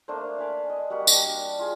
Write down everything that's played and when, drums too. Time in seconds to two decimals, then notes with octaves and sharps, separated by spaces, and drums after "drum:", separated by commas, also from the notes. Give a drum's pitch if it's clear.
0.08 A3 A#3 D4 C5
0.38 F5 G#5 B5 D6
0.70 D#5
0.90 G3 A#3 F#4 B5
1.07 D4 G4, drum: tambourine
1.59 F4 G#4